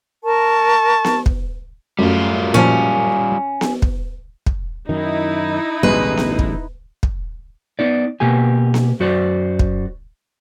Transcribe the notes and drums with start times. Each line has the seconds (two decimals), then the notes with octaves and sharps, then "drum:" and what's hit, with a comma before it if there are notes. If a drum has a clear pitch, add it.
0.24 A#4 A5 C#6
1.05 drum: snare B3
1.26 drum: kick
1.99 F#2 G3 A3 F4
2.54 A#2 F3 C#4
3.61 drum: snare B3
3.82 drum: kick
4.46 drum: kick
4.89 F#2 D#3 D#4 E4
5.83 A1 D2 B2 G3 G#3 B4
6.17 drum: snare B3
6.39 drum: kick
7.03 drum: kick
7.79 B3 D#4 D5
8.20 B2 A#3 G4 G#5
8.74 drum: snare B3
9.00 F#2 F#4 C5 D5
9.59 drum: kick